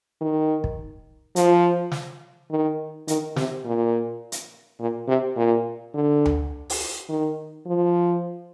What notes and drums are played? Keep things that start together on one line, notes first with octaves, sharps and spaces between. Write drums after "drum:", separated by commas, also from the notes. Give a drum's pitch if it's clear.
D#3
drum: kick
F3, drum: hi-hat
drum: snare
D#3
D#3, drum: hi-hat
C3, drum: snare
A#2
drum: hi-hat
A#2
C3
A#2
D3
drum: tom D2
drum: open hi-hat
D#3
F3